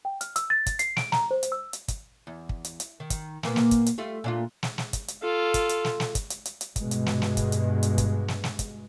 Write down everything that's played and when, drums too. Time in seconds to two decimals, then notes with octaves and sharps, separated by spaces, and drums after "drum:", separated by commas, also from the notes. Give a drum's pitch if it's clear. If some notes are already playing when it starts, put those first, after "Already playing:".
0.05 G5
0.21 F6, drum: hi-hat
0.36 E6, drum: hi-hat
0.50 A6
0.66 drum: kick, hi-hat
0.79 C7, drum: hi-hat
0.97 D7, drum: snare
1.12 A#5, drum: snare
1.31 C5
1.43 drum: hi-hat
1.52 E6
1.73 drum: hi-hat
1.88 drum: kick, hi-hat
2.27 E2
2.49 drum: kick
2.65 drum: hi-hat
2.80 drum: hi-hat
3.00 D#3
3.10 drum: kick, hi-hat
3.43 A#2 A#3 B3, drum: snare
3.56 drum: snare
3.71 drum: kick, hi-hat
3.86 drum: hi-hat
3.98 G3 A3 F4
4.24 A#2 D4 F4
4.63 drum: snare
4.78 drum: snare
4.93 drum: kick, hi-hat
5.08 drum: hi-hat
5.22 F4 A4
5.54 drum: kick, hi-hat
5.69 drum: hi-hat
5.85 drum: snare
6.00 drum: snare
6.15 drum: kick, hi-hat
6.30 drum: hi-hat
6.45 drum: hi-hat
6.61 drum: hi-hat
6.76 G2 B2 G#3, drum: kick, hi-hat
6.91 drum: hi-hat
7.06 drum: snare
7.22 drum: snare
7.37 drum: kick, hi-hat
7.52 drum: hi-hat
7.83 drum: hi-hat
7.98 drum: kick, hi-hat
8.28 drum: snare
8.44 drum: snare
8.59 drum: kick, hi-hat